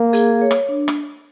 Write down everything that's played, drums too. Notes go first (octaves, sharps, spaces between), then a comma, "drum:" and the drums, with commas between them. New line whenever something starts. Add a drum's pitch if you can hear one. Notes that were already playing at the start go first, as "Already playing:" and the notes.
Already playing: A#3
G#4, drum: hi-hat
C#5
drum: rim click
D4
drum: rim click